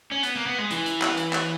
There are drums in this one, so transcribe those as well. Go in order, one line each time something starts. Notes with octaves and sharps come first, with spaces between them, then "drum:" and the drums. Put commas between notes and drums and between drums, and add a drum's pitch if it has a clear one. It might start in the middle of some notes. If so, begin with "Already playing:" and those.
C#4
B3, drum: hi-hat
A#3
B3
G#3
E3, drum: hi-hat
drum: hi-hat
drum: clap
drum: hi-hat
drum: clap